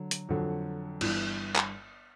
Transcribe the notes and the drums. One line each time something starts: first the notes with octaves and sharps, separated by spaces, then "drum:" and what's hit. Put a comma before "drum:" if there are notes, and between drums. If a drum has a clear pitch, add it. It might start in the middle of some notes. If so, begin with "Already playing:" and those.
Already playing: D3 F#3
drum: hi-hat
F2 D3 F#3
G1 G2 E3, drum: cymbal
drum: clap